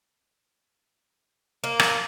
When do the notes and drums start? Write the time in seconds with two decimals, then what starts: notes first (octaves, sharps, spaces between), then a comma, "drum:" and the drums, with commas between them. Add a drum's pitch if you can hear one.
1.64 A#3
1.80 drum: rim click